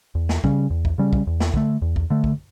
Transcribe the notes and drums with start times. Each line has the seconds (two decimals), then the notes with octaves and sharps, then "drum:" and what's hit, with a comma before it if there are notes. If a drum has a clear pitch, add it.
0.15 E2
0.29 drum: snare
0.44 C#3 G3 C#4, drum: kick
0.70 E2
0.85 drum: kick
0.98 C#3 G3 C#4
1.13 drum: kick
1.27 E2
1.40 drum: snare
1.54 D3 A3, drum: kick
1.82 E2
1.96 drum: kick
2.10 D3 A3
2.24 drum: kick